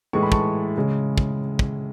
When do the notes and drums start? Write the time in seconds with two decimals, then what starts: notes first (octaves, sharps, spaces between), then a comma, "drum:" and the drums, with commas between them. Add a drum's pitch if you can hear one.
0.13 A2 E3 G#3 C#6
0.23 B5
0.32 A5 C#6, drum: kick
0.77 C#3 G#3
1.18 drum: kick
1.59 drum: kick